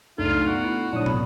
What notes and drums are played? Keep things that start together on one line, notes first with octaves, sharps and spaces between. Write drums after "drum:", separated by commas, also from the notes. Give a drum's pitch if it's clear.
C#2 F#2 B2 A3 D4 D#4 F4
B2 B3 F#4 D7
E4
A#2 F#3 A3 D4 C#5 A5 D#6
C2 B2 F#4 B5, drum: tom